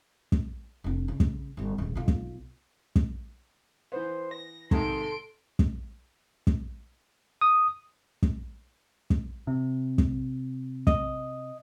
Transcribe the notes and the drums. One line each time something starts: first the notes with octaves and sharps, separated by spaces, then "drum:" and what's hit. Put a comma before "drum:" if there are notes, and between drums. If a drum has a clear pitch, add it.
drum: kick
F1 D4
C#3
drum: kick
G1 G2
D#1 G#3
B1 F4
drum: kick
drum: kick
E3 B3 C5
A#6
G#2 C3 D#3 A4 C6 D7, drum: kick
drum: kick
drum: kick
D#6
drum: kick
drum: kick
C3
drum: kick
D#5, drum: kick